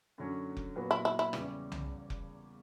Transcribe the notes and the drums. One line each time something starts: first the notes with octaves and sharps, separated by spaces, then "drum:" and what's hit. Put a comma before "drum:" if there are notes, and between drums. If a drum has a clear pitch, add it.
F#2 D3 F#3 C#4
drum: kick F1
A#2 F#3 B3 F#4
E4
E4
E4
E2 C#3 E3 G3 C#4, drum: rim click
drum: tom C2
drum: kick F1